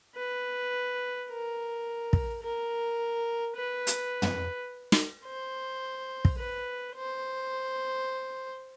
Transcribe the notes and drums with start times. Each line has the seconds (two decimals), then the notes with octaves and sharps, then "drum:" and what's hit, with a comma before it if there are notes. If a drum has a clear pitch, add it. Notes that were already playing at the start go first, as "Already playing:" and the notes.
0.15 B4
1.30 A#4
2.13 drum: kick
2.42 A#4
3.56 B4
3.87 drum: hi-hat
4.22 drum: tom
4.92 drum: snare
5.26 C5
6.25 drum: kick
6.39 B4
6.96 C5